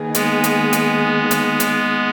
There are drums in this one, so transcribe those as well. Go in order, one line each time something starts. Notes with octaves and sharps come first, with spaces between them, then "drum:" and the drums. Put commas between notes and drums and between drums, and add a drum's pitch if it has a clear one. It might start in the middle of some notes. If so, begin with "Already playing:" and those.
Already playing: D#3 A#3 D#4 G#4 B4
G#3 B3, drum: hi-hat
drum: hi-hat
drum: hi-hat
drum: hi-hat
drum: hi-hat